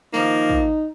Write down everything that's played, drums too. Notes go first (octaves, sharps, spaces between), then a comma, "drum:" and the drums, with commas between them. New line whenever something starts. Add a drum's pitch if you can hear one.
D#3 F3 A#3 D#4, drum: snare
drum: kick